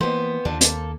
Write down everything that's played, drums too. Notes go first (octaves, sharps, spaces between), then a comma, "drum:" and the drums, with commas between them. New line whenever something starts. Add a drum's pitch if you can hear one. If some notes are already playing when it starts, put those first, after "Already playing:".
F2 E3 A#3 B3 C5
D#2 D3 F4 A5
A#3 A4, drum: hi-hat